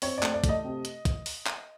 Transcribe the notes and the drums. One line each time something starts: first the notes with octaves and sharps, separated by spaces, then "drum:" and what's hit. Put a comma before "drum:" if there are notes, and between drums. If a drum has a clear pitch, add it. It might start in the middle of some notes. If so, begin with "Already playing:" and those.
C4 C#5, drum: open hi-hat
D5
A3, drum: clap
D5
A3, drum: kick, hi-hat
D#5
C3
drum: hi-hat
drum: kick, hi-hat
drum: open hi-hat
drum: clap